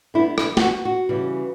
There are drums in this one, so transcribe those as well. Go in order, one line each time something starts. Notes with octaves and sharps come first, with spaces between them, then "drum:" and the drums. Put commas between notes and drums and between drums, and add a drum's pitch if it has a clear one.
D3 G3 B3 E4
E4, drum: rim click
G4, drum: snare
F#4
F#4
C#3 E3 G3